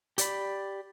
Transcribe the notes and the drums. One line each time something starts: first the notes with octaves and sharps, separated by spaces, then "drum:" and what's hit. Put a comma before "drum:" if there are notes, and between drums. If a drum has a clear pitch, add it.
G4 D5 B5, drum: hi-hat